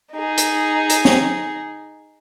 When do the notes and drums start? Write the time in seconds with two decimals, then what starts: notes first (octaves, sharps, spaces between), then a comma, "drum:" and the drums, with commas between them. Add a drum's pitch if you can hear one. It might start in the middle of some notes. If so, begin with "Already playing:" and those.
0.12 D#4 G#4
0.38 drum: hi-hat
0.90 drum: hi-hat
1.05 drum: snare